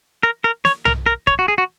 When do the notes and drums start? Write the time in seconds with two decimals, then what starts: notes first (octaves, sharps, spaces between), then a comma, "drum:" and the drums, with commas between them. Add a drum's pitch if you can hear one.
0.23 A#4
0.44 A#4
0.65 C#5, drum: snare
0.85 A#4, drum: tom
1.06 A#4
1.27 C#5, drum: kick
1.39 F#4
1.48 G#4
1.58 F#4